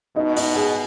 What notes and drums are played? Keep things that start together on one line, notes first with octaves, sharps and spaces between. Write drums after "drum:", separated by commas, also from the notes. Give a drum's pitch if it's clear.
B2 D#4
D#4, drum: open hi-hat
G#4